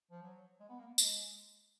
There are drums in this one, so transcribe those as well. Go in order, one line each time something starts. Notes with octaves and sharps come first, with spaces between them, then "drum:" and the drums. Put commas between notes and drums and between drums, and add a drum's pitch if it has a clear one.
F3
F#3
G#3
B3
A#3
G#3, drum: tambourine